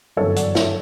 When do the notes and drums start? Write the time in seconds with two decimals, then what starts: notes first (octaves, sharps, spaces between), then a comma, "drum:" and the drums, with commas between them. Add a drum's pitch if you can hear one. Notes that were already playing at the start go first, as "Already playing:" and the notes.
0.17 G1 F#2 E3 A4 C#5
0.36 D5 F#5, drum: hi-hat
0.55 C#5 E5, drum: snare